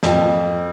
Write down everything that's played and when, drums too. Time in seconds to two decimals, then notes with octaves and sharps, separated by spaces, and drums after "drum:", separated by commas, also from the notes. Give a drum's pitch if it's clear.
0.03 F2 F3, drum: snare